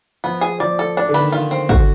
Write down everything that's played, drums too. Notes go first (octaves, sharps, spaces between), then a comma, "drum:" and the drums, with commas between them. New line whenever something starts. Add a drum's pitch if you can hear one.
F3 B3
G#4
F3 D5
A4
D4
D3
B4, drum: cymbal
D#3
D#3 F4
C4
D3 F#4, drum: kick